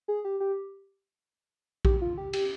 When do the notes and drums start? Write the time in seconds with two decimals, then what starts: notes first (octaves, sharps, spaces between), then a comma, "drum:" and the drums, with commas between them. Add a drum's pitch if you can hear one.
0.08 G#4
0.25 G4
0.40 G4
1.85 G4, drum: kick A#1
2.02 F4
2.18 G4
2.33 G4, drum: cymbal